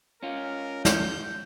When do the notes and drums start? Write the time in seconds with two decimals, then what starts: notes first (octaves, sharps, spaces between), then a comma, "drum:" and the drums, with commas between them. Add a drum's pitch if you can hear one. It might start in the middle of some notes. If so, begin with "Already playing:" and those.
0.23 C#4 F4 A#4
0.85 G6, drum: snare